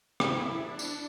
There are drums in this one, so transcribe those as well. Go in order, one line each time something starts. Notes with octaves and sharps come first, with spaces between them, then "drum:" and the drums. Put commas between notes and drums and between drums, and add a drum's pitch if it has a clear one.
E4, drum: rim click
D4
drum: tambourine